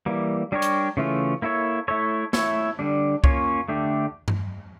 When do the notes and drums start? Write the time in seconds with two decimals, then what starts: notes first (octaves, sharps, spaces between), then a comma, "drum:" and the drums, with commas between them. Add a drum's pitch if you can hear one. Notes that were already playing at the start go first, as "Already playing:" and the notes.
0.06 E3 G3 A#3
0.52 G3 D4 G4 A#4 C#5
0.62 drum: hi-hat
0.97 C#3 E3 A3 C#4 F4
1.42 A#3 E4 A4 C#5
1.88 A3 E4 A4 C#5
2.33 A3 E4 A4 C#5, drum: snare
2.79 D3 G3 D4
3.24 A#3 C#4 F4 C#5, drum: kick
3.68 D3 A3 D4 G4
4.28 drum: tom G2